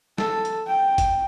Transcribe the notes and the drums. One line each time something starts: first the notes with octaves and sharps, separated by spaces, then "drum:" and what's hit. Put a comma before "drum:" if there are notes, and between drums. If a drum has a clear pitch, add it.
A4, drum: snare
drum: hi-hat
G5
drum: kick G1, hi-hat